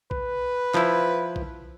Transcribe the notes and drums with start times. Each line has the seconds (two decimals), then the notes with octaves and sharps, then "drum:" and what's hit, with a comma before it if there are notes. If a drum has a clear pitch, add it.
0.11 B4, drum: kick B1
0.74 F3 E4, drum: clap
1.36 drum: kick B1